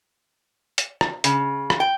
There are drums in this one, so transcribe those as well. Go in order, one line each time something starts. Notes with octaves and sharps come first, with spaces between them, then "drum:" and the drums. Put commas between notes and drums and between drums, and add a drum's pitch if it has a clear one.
drum: hi-hat
drum: rim click
C#3, drum: hi-hat
drum: rim click
G5